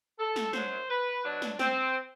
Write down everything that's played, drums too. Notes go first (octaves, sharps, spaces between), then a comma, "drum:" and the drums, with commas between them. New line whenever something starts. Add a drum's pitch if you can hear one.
A4
drum: snare
F#2 F#3 C5, drum: snare
B4
B2 F#3 D4
drum: snare
C4, drum: snare